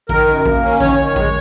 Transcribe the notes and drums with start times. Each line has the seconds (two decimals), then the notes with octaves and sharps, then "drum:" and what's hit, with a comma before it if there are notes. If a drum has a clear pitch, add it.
0.09 D#3 A#4, drum: kick A1
0.28 F#2
0.46 A#3, drum: kick A1
0.63 C#4
0.80 D#3 C#5, drum: kick A1
0.98 D#3
1.16 G#3, drum: kick A1